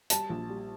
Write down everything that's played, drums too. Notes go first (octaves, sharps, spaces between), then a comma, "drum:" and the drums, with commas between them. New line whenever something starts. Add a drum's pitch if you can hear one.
G3 A5, drum: hi-hat
A#1
G3